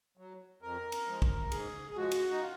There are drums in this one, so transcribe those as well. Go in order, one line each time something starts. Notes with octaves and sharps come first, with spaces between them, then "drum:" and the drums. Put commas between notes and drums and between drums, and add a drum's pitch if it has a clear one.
F#3
F2 A#4
drum: cymbal
F3 G#3
drum: kick
G#2 G#4, drum: cymbal
G#4
F3 G#3 F#4
drum: cymbal
D#4
F4